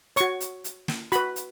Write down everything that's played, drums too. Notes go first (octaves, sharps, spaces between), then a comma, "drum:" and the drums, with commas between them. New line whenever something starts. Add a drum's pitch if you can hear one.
F#4 C#5 C#6, drum: hi-hat
drum: hi-hat
drum: hi-hat
drum: snare
F#4 B4 B5, drum: hi-hat
drum: hi-hat